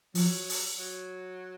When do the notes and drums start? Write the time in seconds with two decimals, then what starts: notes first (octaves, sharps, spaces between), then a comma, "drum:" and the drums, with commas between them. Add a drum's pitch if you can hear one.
0.15 F3 F#3, drum: open hi-hat
0.49 drum: open hi-hat
0.77 F#3